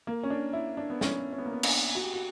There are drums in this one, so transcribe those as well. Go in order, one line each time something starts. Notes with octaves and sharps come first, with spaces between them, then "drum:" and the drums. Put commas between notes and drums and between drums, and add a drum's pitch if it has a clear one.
A#3
C#4
D4
E4
D4
B3
C#4, drum: snare
C#4
B3
A#3
B3
D4, drum: cymbal
F#4
G4
F#4